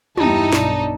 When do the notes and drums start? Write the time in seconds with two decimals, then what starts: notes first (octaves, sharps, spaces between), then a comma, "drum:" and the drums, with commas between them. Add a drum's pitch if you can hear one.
0.18 E2 G2 D#4 E4 G4 A4, drum: tom
0.53 B1 D4, drum: snare